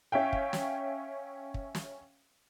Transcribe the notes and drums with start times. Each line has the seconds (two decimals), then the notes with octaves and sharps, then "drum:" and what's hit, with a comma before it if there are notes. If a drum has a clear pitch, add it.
0.12 C#4 E5 F5 G5
0.33 drum: kick
0.53 drum: snare
1.54 drum: kick
1.75 drum: snare